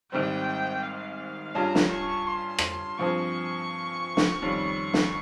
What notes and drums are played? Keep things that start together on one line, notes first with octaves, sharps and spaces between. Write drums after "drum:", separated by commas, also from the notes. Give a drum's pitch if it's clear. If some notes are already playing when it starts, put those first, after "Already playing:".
G#1 G#2 G3 C4 G5
F5
G2 G3 C#4 F4 G#4 A#5
drum: snare
C#6
C6
drum: rim click
G2 F3 C4 F4 G#4 C#6
drum: snare
F2 D#3 G3 C#4
drum: snare